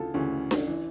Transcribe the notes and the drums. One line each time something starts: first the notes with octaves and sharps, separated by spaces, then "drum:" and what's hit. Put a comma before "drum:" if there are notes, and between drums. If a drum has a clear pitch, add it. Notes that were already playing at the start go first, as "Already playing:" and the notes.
Already playing: D2 C#3 E3 F4 A4
D2 C#3 E3 C#4
drum: snare D4
E3